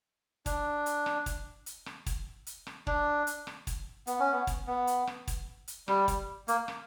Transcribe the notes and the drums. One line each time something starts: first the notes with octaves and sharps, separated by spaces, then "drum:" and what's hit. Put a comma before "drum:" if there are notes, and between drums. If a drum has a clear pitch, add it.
D4, drum: kick, hi-hat
drum: hi-hat
drum: rim click
drum: kick, hi-hat
drum: hi-hat
drum: rim click
drum: kick, hi-hat
drum: hi-hat
drum: rim click
D4, drum: kick
drum: hi-hat
drum: rim click
drum: kick, hi-hat
B3, drum: hi-hat
C#4
B3
drum: kick, hi-hat
B3
drum: hi-hat
drum: rim click
drum: kick, hi-hat
drum: hi-hat
G3, drum: rim click
drum: kick, hi-hat
A#3, drum: hi-hat
drum: rim click